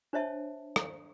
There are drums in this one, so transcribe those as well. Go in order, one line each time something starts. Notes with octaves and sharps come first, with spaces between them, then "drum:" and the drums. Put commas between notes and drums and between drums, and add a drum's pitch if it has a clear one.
D4 C5 C#5 E5 A5
drum: rim click